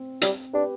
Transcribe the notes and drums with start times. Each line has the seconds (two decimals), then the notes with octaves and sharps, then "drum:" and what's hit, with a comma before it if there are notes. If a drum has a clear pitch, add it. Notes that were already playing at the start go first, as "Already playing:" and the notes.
Already playing: C4
0.22 G3, drum: hi-hat
0.53 D4 G4 B4